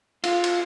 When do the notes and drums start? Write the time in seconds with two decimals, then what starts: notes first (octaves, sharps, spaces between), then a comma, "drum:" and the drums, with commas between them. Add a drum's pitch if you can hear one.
0.24 F4, drum: cymbal
0.44 drum: cymbal